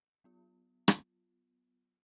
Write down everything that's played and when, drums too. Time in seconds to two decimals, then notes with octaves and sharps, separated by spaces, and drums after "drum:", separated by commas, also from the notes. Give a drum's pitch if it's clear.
0.24 F#3 B3 F4
0.88 drum: rim click